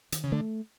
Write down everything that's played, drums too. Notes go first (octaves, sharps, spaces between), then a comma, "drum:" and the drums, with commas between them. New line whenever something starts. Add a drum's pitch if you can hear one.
D#3, drum: hi-hat
C#3
D3 A3